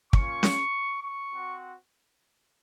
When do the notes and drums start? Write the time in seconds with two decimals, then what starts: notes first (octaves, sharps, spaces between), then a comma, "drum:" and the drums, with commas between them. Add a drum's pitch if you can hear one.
0.13 A#3 C#4 F4 C#6, drum: kick
0.43 drum: snare C#4
1.01 C#6
1.31 C4 F#4